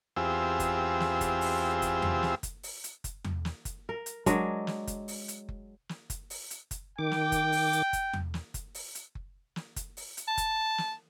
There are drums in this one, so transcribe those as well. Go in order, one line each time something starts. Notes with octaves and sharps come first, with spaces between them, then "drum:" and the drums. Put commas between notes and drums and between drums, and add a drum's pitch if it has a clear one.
E2 C4 F4 G4 G#4 E6
drum: kick F#1, hi-hat
drum: snare
drum: kick F#1, hi-hat
drum: open hi-hat
drum: kick F#1, hi-hat
drum: tom E2
drum: snare
drum: kick F#1, hi-hat
drum: open hi-hat
drum: hi-hat
drum: kick F#1, hi-hat
drum: tom E2
drum: snare
drum: kick F#1, hi-hat
A#4
drum: hi-hat
F#3 G#3 D4 A#4, drum: kick F#1, hi-hat
drum: snare
drum: kick F#1, hi-hat
drum: open hi-hat
drum: hi-hat
drum: kick F#1
drum: snare
drum: kick F#1, hi-hat
drum: open hi-hat
drum: hi-hat
drum: kick F#1, hi-hat
D#3 G5 D6
drum: snare
drum: kick F#1, hi-hat
drum: open hi-hat
drum: hi-hat
drum: kick F#1, hi-hat
drum: tom E2
drum: snare
drum: kick F#1, hi-hat
drum: open hi-hat
drum: hi-hat
drum: kick F#1
drum: snare
drum: kick F#1, hi-hat
drum: open hi-hat
drum: hi-hat
A5
drum: kick F#1, hi-hat
drum: snare